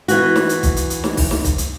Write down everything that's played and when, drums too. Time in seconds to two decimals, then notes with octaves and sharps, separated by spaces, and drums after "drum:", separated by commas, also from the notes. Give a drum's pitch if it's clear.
0.08 E3 F#4, drum: hi-hat
0.36 drum: snare
0.49 drum: hi-hat
0.63 drum: kick, hi-hat
0.76 drum: hi-hat
0.90 drum: hi-hat
1.04 drum: snare
1.17 drum: kick, open hi-hat
1.31 drum: snare
1.44 drum: kick, hi-hat
1.58 drum: hi-hat